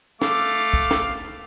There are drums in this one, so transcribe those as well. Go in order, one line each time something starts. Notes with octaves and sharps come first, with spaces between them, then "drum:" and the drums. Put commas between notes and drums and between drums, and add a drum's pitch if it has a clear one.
A3 F5 D6, drum: snare
drum: kick
drum: snare